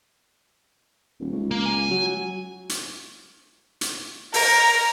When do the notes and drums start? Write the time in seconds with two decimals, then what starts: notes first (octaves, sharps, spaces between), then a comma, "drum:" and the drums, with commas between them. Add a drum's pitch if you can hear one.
1.20 D#1
1.32 C#2
1.51 A#3
1.66 G#5
1.91 F#3
2.69 drum: hi-hat
3.81 drum: hi-hat
4.34 A#4, drum: open hi-hat